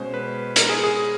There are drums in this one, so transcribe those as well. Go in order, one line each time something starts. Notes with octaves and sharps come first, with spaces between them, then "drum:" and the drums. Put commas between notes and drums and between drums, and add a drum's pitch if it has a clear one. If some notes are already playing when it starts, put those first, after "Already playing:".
Already playing: B2 G#3 C#4 C5
B4
A#4, drum: hi-hat
G#4
G#4